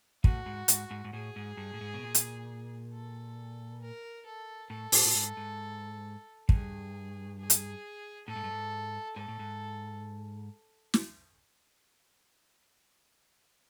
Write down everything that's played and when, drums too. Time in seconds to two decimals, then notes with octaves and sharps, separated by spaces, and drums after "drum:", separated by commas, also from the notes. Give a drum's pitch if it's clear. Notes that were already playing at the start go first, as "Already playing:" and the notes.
0.24 A2 F#4, drum: kick
0.46 G#2
0.68 G#2, drum: hi-hat
0.91 G#2
1.05 G#2
1.13 A2 G#4
1.36 G#2
1.57 G2
1.74 A2
1.81 G#2
1.94 B2
2.03 A#2
2.15 drum: hi-hat
2.92 A4
3.81 A#4
4.26 A4
4.70 A2 A4
4.92 A2, drum: open hi-hat
5.05 A2
5.15 G#2
5.37 G#2
6.49 G2 G#4, drum: kick
7.38 G#4
7.50 drum: hi-hat
8.27 A2 A4
8.36 G#2
8.44 G2
8.51 G#2
9.16 G#2 A4
9.28 A2
9.39 G#2
10.94 drum: snare